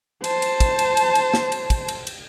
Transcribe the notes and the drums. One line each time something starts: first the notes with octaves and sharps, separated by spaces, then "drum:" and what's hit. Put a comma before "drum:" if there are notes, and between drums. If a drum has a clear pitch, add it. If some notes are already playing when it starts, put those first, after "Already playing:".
C5 A5, drum: cymbal
drum: cymbal
drum: kick, cymbal
drum: cymbal
drum: cymbal
drum: cymbal
drum: snare
drum: cymbal
drum: kick, cymbal
drum: cymbal
drum: cymbal